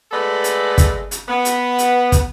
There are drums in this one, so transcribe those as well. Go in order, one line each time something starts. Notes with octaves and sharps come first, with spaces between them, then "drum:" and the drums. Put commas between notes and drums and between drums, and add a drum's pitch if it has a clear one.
G#3 A3 B3 A4 B4 D5
drum: hi-hat
drum: kick, hi-hat
drum: hi-hat
B3
drum: hi-hat
drum: hi-hat
drum: kick, hi-hat